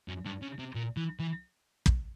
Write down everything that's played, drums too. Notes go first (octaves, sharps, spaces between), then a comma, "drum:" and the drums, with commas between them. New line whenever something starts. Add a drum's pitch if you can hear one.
F#2
G2
C#3
C3
A#2
E3
E3
drum: kick